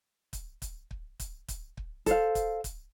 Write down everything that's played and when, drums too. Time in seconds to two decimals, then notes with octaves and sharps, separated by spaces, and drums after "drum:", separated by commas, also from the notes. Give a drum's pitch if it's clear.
0.33 drum: kick, hi-hat
0.62 drum: kick, hi-hat
0.91 drum: kick
1.20 drum: kick, hi-hat
1.48 drum: kick, hi-hat
1.77 drum: kick
2.06 A4 C5 F5, drum: kick, hi-hat
2.35 drum: kick, hi-hat
2.64 drum: kick, hi-hat